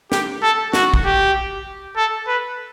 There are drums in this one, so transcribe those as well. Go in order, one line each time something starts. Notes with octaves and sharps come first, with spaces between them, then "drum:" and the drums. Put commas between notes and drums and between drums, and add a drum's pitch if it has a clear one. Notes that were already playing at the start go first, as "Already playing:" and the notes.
G4, drum: snare
A4
F#4, drum: snare
drum: kick
G4
A4
B4